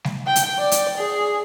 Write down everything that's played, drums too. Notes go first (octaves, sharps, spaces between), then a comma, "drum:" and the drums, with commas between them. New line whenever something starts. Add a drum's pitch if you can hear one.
drum: snare G3
G5
drum: hi-hat
D5
drum: hi-hat
G#4